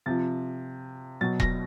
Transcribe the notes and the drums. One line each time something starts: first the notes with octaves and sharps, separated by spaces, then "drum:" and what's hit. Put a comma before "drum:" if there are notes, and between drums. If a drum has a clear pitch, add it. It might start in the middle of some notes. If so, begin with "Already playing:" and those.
C3 F3 A6
B2 F#3 A6
A#6, drum: kick E1